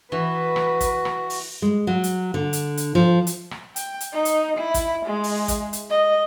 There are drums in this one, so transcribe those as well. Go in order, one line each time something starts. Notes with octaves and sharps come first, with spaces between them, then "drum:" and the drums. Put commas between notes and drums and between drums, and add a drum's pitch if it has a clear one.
E3 F#4 B4
drum: rim click
drum: kick, hi-hat
drum: rim click
drum: open hi-hat
G#3
F#3
drum: hi-hat
D3
drum: hi-hat
drum: hi-hat
F3
drum: hi-hat
drum: rim click
G5, drum: hi-hat
drum: hi-hat
D#4
drum: hi-hat
E4
drum: kick, hi-hat
G#3
drum: open hi-hat
drum: kick, hi-hat
drum: hi-hat
D#5